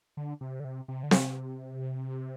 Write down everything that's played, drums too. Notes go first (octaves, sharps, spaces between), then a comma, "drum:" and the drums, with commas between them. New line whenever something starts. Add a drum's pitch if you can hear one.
D3
C3
D3
C3
C3
D3
C3, drum: snare C4